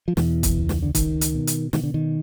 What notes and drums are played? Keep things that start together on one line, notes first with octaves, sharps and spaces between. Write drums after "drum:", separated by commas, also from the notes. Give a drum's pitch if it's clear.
F3
E2 B2 E3, drum: snare
drum: kick, hi-hat
C#2
drum: snare
D3
C#2 D#3, drum: kick, hi-hat
drum: hi-hat
B2
drum: hi-hat
B2 D#3, drum: snare
D3
D#3